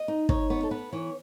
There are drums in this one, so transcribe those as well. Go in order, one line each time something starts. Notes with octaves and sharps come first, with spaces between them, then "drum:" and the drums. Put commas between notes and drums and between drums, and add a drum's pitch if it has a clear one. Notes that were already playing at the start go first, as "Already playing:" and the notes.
Already playing: D#5
D#4
D#4 C#5, drum: kick
B3 C#5
A4
B3 B4
E3 C#5